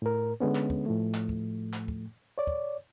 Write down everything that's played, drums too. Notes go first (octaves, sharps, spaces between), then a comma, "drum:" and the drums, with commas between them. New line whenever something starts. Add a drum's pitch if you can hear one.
A2 A#4
D3 G#3 B3 C#4
drum: clap
drum: kick
A2 F3 A3
drum: clap
drum: kick
drum: clap
drum: kick
C#5 D5
drum: kick